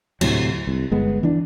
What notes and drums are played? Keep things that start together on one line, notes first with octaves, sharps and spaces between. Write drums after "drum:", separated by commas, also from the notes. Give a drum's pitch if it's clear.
D2 A2 C3 F#3, drum: cymbal
C2
G1 G#3 B3
E3 D4